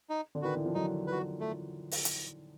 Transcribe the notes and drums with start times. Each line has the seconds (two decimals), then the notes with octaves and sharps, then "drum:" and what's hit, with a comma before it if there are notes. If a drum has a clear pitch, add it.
0.10 D#4
0.35 D3
0.42 D#3 F#4 B4
0.55 E3
0.65 F3
0.75 E3 F#3 D#4
1.07 F#4 B4
1.40 A3
1.91 drum: open hi-hat
2.05 drum: hi-hat